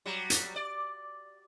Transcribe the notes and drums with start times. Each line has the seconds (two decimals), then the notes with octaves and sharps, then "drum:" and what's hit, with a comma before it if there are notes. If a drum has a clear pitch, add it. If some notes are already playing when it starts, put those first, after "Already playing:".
0.06 F#3 G3
0.30 drum: hi-hat
0.56 D5